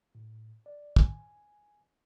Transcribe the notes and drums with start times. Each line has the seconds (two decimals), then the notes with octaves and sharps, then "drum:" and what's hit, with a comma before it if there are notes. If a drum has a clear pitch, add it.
0.15 A2
0.66 D5
0.96 G#5, drum: kick